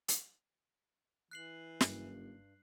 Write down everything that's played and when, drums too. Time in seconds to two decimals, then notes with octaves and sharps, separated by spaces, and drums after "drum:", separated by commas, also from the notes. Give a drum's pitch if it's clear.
0.08 drum: hi-hat
1.31 E3 F#6 C7 F#7
1.80 F#1 G2, drum: snare